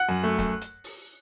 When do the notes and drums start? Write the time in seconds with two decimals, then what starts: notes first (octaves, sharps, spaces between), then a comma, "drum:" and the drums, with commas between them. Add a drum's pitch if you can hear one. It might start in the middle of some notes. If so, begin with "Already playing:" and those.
Already playing: F#5 F#6
0.09 F#2
0.24 A3
0.39 F#2, drum: kick C#1, hi-hat
0.61 drum: hi-hat
0.84 drum: open hi-hat